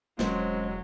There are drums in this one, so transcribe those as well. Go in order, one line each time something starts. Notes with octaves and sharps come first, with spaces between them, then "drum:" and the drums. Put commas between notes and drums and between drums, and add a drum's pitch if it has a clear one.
E1 F#3 G#3 C4 C#4, drum: snare